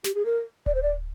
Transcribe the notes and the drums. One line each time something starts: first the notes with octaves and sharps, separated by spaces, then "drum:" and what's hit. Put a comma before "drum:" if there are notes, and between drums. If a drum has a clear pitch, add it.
G4, drum: snare
G#4
A#4
D5, drum: kick D1
C5
D5